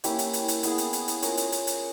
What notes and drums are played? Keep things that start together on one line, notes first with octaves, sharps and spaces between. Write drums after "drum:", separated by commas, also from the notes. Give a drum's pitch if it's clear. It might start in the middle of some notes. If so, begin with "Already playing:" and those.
A#3 C#4 E4 G4, drum: hi-hat
drum: hi-hat
drum: hi-hat
drum: hi-hat
B3 E4 G#4, drum: hi-hat
drum: hi-hat
drum: hi-hat
drum: hi-hat
C#4 F4 A#4, drum: hi-hat
drum: hi-hat
drum: hi-hat
drum: hi-hat